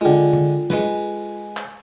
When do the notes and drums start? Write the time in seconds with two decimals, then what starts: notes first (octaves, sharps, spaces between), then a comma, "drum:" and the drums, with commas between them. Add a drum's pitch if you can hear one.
0.01 D3 G#3 F4 A4 G5
0.33 drum: tom D3
0.70 G#3 B4, drum: snare
1.57 drum: clap